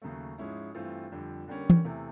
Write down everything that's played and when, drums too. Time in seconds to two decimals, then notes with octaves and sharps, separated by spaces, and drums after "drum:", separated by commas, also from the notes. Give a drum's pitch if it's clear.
0.02 D#2 C#3 F#3 A3
0.38 G#2 F3 G#3 C#4 E4
0.75 G2 E3 A3 C4 F4
1.12 F2 D3 G3
1.48 D3 G3 A#3 C#4
1.70 drum: tom E3
1.85 E2 C3 E3 A3